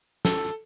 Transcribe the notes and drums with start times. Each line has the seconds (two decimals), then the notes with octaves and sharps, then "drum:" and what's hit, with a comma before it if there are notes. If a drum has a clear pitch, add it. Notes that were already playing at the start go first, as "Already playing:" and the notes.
0.25 A4, drum: snare